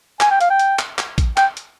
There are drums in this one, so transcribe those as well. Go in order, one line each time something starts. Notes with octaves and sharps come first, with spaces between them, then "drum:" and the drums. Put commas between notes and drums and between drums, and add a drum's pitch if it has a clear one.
G#5, drum: clap
G5
F5, drum: hi-hat
G5
drum: hi-hat
drum: clap
drum: clap
drum: kick A1, hi-hat
G5, drum: clap
drum: hi-hat